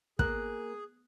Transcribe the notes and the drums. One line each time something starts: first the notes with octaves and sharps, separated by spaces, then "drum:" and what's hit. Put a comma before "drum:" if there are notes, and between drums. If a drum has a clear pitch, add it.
A#3 G#4 F#6, drum: kick